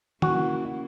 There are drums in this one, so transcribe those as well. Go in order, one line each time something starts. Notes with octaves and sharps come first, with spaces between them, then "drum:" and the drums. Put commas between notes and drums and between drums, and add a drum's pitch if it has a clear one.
C#3 A#3 E4 F#4, drum: tom